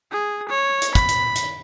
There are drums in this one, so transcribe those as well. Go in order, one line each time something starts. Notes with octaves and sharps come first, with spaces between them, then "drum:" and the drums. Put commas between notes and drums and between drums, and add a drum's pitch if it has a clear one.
G#4
C#5
drum: hi-hat
B5, drum: kick, hi-hat
drum: hi-hat
drum: hi-hat